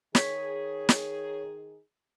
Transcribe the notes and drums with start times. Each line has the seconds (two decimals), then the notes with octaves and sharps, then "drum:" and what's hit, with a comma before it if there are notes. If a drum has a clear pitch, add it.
0.15 D#3 D#4 G#4 C#5 B6, drum: snare
0.89 drum: snare